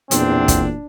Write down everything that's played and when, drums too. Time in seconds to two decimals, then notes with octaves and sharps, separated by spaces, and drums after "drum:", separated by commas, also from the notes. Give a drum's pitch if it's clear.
0.11 F#1 B1 E2 A#2 C4 D4, drum: hi-hat
0.48 drum: kick, hi-hat